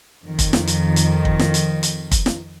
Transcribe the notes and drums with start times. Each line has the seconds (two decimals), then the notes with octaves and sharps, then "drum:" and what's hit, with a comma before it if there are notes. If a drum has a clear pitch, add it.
0.24 F2 D#3
0.39 drum: kick, hi-hat
0.53 drum: snare
0.67 drum: hi-hat
0.96 drum: hi-hat
1.25 drum: kick
1.39 drum: snare
1.54 drum: hi-hat
1.83 drum: hi-hat
2.11 drum: kick, hi-hat
2.26 drum: snare